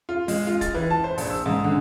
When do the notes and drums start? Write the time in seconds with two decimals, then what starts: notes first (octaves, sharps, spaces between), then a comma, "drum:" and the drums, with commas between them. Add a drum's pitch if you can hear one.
0.09 F4
0.28 G#3, drum: open hi-hat
0.47 F4
0.61 A6, drum: kick, hi-hat
0.74 E3
0.90 A5
1.04 C5
1.18 A#1, drum: open hi-hat
1.30 E6
1.46 G#2
1.64 D3